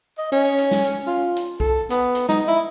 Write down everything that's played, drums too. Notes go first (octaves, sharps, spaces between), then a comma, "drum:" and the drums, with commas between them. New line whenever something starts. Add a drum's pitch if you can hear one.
D#5
C#4, drum: hi-hat
drum: hi-hat
drum: snare
drum: hi-hat
F4
drum: hi-hat
A4, drum: kick B1
B3, drum: hi-hat
drum: hi-hat
D#4, drum: snare
E4